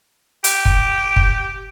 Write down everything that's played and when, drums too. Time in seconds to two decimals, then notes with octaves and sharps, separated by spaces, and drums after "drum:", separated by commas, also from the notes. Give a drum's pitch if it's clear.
0.44 G4, drum: hi-hat
0.65 drum: kick F#1
1.16 drum: kick F#1